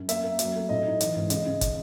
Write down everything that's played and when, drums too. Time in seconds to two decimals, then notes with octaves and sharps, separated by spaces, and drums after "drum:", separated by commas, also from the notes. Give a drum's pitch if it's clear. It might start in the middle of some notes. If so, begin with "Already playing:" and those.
Already playing: F#2
0.09 A#3 E5, drum: hi-hat
0.24 A#3
0.39 F#3, drum: hi-hat
0.55 A3
0.69 A2 D#5
0.85 D#4
1.01 E3, drum: hi-hat
1.16 G#2
1.30 C#3 D#5, drum: hi-hat
1.46 C#3
1.61 drum: kick, hi-hat